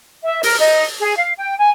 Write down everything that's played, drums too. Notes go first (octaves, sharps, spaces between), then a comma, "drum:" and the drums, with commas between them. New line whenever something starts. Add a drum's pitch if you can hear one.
E5
A#4, drum: open hi-hat
D#4
G#4
F5
G5
G#5